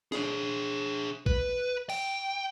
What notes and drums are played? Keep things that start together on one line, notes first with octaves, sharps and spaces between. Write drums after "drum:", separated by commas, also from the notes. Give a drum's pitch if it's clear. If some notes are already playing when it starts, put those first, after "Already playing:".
D4 G#4, drum: snare
B4, drum: kick A#1
G5, drum: cymbal